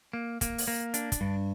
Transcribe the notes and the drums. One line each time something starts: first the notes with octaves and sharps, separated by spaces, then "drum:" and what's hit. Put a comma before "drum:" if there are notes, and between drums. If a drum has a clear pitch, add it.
A#3
A#3, drum: kick, hi-hat
drum: open hi-hat
A#3
D4, drum: hi-hat
drum: kick, hi-hat
G2